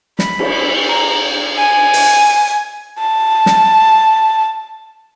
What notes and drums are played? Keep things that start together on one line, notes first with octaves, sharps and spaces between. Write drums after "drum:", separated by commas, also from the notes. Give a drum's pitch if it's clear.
B5, drum: snare
drum: cymbal
A#5
G#5
drum: open hi-hat
A5
drum: snare